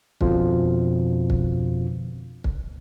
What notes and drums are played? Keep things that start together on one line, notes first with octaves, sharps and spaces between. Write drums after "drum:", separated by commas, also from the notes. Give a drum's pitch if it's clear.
F2 B2 D3 F3 F4, drum: kick
drum: kick
drum: kick